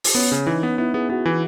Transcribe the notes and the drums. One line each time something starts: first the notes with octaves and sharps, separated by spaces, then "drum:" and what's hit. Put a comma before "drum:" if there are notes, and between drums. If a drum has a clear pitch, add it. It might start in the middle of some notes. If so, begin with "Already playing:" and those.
drum: open hi-hat
B3 C#4
C#3
E3 D#4
B3
B3 E4
B3 G#4
B3 F#4
E3 E4